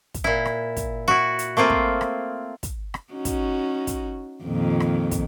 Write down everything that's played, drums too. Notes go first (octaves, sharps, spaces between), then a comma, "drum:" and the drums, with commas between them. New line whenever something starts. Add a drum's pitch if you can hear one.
drum: kick, hi-hat
A#2 E4
drum: rim click
drum: kick, hi-hat
E4 F#4
drum: hi-hat
A3 A#3 C4 F4
drum: kick
drum: rim click
drum: kick, hi-hat
drum: rim click
C#4 D#4 F#4
drum: kick, hi-hat
drum: kick, hi-hat
F2 A#2 D#3
drum: rim click
drum: kick, hi-hat